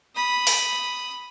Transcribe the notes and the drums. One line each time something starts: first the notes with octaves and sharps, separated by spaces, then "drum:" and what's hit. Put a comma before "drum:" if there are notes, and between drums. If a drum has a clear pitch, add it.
B5 D#6
drum: open hi-hat